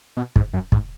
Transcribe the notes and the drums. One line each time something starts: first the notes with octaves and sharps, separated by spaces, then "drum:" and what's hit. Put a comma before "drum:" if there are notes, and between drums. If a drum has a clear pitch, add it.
B2
G#2, drum: kick
F#2
G#2, drum: kick